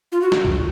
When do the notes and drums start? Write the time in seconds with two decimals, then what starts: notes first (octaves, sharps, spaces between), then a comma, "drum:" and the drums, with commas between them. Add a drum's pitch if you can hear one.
0.12 F4
0.22 F#4
0.32 drum: snare
0.45 drum: kick C2